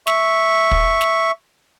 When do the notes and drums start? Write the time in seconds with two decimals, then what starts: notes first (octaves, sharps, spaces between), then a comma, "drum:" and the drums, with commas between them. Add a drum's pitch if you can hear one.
0.07 E5 C#6, drum: snare
0.71 drum: kick
1.01 drum: snare